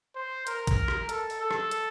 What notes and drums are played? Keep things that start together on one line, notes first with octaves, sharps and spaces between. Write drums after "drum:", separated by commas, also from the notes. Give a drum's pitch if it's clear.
C5
A#4, drum: hi-hat
drum: kick A#1, hi-hat
drum: rim click
A4, drum: hi-hat
drum: open hi-hat
A4
drum: rim click
drum: hi-hat